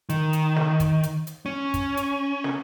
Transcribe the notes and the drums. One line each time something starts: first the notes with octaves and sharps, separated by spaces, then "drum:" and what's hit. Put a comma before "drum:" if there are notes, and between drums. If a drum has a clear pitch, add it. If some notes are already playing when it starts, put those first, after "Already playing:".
D#3, drum: hi-hat
drum: hi-hat
drum: snare
drum: kick, hi-hat
drum: hi-hat
drum: hi-hat
C#4
drum: kick, hi-hat
drum: hi-hat
drum: snare